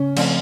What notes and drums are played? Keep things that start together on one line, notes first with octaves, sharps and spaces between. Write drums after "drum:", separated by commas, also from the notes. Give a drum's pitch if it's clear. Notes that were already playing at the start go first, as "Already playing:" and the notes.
Already playing: C#3 C#4
F3 A3 C4, drum: cymbal